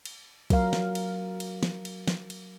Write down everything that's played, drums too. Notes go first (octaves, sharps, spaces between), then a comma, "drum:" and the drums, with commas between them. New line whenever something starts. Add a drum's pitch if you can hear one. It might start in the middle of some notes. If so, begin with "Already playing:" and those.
drum: cymbal
F#3 A#4 F5, drum: kick, cymbal
drum: snare
drum: cymbal
drum: cymbal
drum: snare
drum: cymbal
drum: snare
drum: cymbal